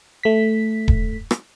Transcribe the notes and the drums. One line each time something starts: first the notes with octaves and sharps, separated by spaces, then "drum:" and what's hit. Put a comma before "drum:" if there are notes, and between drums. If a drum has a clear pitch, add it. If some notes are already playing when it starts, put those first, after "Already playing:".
A3 B6
drum: kick D#1
drum: rim click